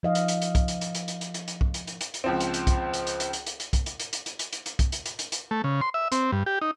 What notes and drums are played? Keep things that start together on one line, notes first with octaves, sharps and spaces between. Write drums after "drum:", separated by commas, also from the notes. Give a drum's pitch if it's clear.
F3 D#5 F5
drum: hi-hat
drum: hi-hat
drum: hi-hat
drum: kick, hi-hat
drum: hi-hat
drum: hi-hat
drum: hi-hat
drum: hi-hat
drum: hi-hat
drum: hi-hat
drum: hi-hat
drum: kick
drum: hi-hat
drum: hi-hat
drum: hi-hat
drum: hi-hat
C#2 F3 C4
drum: hi-hat
drum: hi-hat
drum: kick, hi-hat
drum: hi-hat
drum: hi-hat
drum: hi-hat
drum: hi-hat
drum: hi-hat
drum: hi-hat
drum: kick, hi-hat
drum: hi-hat
drum: hi-hat
drum: hi-hat
drum: hi-hat
drum: hi-hat
drum: hi-hat
drum: hi-hat
drum: kick, hi-hat
drum: hi-hat
drum: hi-hat
drum: hi-hat
drum: hi-hat
A3
C#3
C6
E5
C4, drum: hi-hat
G2
G4
D#4